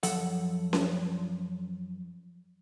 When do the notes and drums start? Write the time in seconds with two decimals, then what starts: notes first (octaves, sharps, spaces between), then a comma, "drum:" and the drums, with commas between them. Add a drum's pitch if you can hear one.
0.03 F#2 F3 A4 F#5, drum: hi-hat
0.73 drum: snare C#4